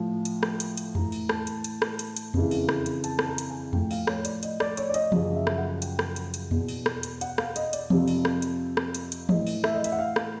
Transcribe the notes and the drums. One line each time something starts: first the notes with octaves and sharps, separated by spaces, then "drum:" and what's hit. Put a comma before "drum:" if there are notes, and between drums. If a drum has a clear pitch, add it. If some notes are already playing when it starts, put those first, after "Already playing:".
Already playing: A2 F3
drum: hi-hat
drum: rim click
drum: hi-hat
drum: hi-hat
A2 E3 A#5, drum: tom E2
drum: open hi-hat
A5, drum: rim click
drum: hi-hat
drum: hi-hat
drum: rim click
drum: hi-hat
drum: hi-hat
F2 C#3 E3, drum: tom E2
drum: open hi-hat
drum: rim click
drum: hi-hat
A5, drum: hi-hat
A5, drum: rim click
A#5
drum: hi-hat
G#5
A2 F3 G5, drum: tom E2
F5, drum: open hi-hat
C#5, drum: rim click
D5, drum: hi-hat
D#5, drum: hi-hat
D5, drum: rim click
C#5, drum: hi-hat
D5
D#5, drum: hi-hat
F#2 C#3 F3 D#5, drum: tom E3
E5
drum: rim click
F#5
G5, drum: hi-hat
drum: rim click
drum: hi-hat
drum: hi-hat
E2 B2, drum: tom E2
drum: open hi-hat
drum: rim click
drum: hi-hat
F#5, drum: hi-hat
F5, drum: rim click
D#5, drum: hi-hat
D5, drum: hi-hat
F2 C3 F3, drum: tom E3
drum: open hi-hat
drum: rim click
drum: hi-hat
drum: rim click
drum: hi-hat
drum: hi-hat
A2 E3 D#5, drum: tom E3
drum: open hi-hat
E5, drum: rim click
D#5
E5, drum: hi-hat
F#5
F5
drum: rim click